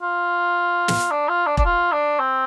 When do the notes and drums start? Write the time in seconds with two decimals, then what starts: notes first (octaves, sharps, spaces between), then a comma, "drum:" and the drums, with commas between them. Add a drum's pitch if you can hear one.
0.02 F4
0.88 drum: snare
1.11 D4
1.28 F4
1.47 D4
1.57 D4, drum: kick E1
1.65 F4
1.92 D4
2.19 C4